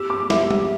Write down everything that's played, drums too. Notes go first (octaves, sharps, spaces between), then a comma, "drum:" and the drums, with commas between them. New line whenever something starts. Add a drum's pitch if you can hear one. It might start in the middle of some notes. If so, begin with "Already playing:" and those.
Already playing: G4 E6
D6
E5, drum: snare
drum: tom